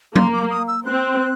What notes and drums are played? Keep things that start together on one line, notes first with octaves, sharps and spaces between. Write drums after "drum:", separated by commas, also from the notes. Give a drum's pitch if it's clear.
A#3 C6, drum: tom F#3
D6
D#6
E6
C4 F#6